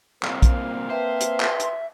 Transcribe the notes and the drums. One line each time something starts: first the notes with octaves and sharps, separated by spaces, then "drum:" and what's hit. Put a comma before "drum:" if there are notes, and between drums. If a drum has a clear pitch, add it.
C2 A#2 A#3 C4 F5, drum: clap
drum: kick, hi-hat
B4 C5 E5 G5 A5
drum: hi-hat
drum: clap
drum: hi-hat